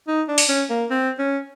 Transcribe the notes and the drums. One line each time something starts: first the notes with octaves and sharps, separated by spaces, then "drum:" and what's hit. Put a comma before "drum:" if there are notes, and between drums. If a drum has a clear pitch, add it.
D#4
D4
drum: open hi-hat
C#4
A#3
C4
C#4